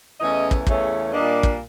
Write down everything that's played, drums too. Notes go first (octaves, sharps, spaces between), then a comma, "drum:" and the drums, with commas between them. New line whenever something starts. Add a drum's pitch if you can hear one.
E2 C#3 E3 A3 C#4 D#5
drum: kick
E2 C#3 E3 A3 C#4, drum: kick
A#2 G3 A#3 D4 D#5
drum: kick